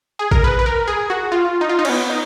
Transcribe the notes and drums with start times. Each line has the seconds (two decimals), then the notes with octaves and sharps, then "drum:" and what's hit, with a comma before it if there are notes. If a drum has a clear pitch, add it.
0.19 G#4
0.31 A#4, drum: kick A1
0.44 B4
0.59 B4
0.66 A#4
0.88 G#4
1.10 F#4
1.32 F4
1.61 D#4
1.69 F4
1.79 D#4
1.85 C#4, drum: cymbal
1.89 B3
2.10 D#4